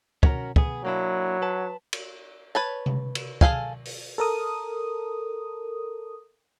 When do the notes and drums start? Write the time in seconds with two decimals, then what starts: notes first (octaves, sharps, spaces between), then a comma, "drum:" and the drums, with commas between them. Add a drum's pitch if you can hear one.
0.23 C#4 F#4 A#4, drum: kick
0.56 B3 G#4, drum: kick
0.85 F#3 A#3 D4 E4
1.42 B4 A5
1.93 drum: cymbal
2.55 B4 C#5 A5
2.86 drum: tom C3
3.15 drum: cymbal
3.41 G#4 A4 F5 G#5, drum: kick
3.85 drum: open hi-hat
4.18 A4 A#4 D#6